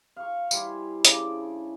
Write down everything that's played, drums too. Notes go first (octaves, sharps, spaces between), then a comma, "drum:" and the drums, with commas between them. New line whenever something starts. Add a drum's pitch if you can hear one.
F5 C#6
G3 E4 C5 G#5, drum: tambourine
C#3 D4 A5 D6, drum: hi-hat